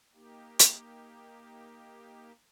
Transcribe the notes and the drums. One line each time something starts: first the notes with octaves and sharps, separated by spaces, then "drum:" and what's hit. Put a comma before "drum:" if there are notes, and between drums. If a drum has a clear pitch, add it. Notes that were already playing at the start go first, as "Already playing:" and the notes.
A#3 D#4 G4
drum: hi-hat